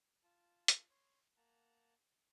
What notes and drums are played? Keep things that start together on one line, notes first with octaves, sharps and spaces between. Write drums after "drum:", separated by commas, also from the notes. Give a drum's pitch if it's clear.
F4 A5
drum: hi-hat
C#5 C6
A#3 F#5 A5 A#5